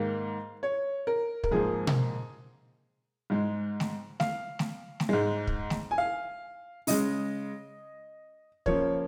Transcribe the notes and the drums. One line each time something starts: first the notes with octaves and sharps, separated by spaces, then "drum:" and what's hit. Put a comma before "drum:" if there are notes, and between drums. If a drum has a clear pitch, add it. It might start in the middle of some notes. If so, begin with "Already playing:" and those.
Already playing: G#2 D#3 A#3 F5
C#5
A#4
A#4, drum: kick
G#2 F3 A#3 G#4
drum: tom B2
G#2 G#3
drum: snare
F5, drum: snare
drum: snare
drum: snare
G#2 G#3
drum: kick
drum: snare
G#5
F5
C#3 G#3 D#5, drum: open hi-hat
C#3 F3 A#3 C#5, drum: kick